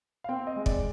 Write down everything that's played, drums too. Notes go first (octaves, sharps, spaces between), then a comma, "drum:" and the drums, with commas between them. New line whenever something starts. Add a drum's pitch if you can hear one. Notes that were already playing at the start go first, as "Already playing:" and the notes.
F5
C4 G5
D#5
G#3
D5, drum: kick